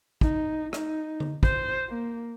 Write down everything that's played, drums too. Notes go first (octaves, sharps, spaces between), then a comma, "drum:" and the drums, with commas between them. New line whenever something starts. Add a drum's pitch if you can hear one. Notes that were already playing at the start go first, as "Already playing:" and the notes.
D#4, drum: kick
D#4, drum: rim click
drum: tom D3
C5, drum: kick
A#3